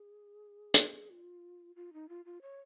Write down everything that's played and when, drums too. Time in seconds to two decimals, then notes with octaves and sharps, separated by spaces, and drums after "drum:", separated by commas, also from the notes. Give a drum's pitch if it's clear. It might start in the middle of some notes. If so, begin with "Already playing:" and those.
Already playing: G#4
0.74 drum: hi-hat
1.10 F4
1.76 F4
1.93 D#4
2.09 F4
2.25 F4
2.42 C#5